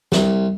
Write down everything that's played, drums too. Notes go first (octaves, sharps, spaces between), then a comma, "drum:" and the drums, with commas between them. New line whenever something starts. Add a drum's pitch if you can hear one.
C2, drum: snare